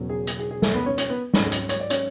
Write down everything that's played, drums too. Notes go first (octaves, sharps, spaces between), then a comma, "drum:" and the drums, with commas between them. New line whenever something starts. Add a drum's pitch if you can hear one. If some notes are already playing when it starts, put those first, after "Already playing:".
Already playing: E1 E2 C#3 F#3 C#4
G#4
drum: hi-hat
G#4
G#4
A3 A4, drum: snare
B3 B4
C#4 C#5
C#4 C#5, drum: hi-hat
B3 B4
G#1 G#2 F#3 C#4 C#5, drum: snare
drum: hi-hat
C#5, drum: hi-hat
D5
C#4 C#5, drum: hi-hat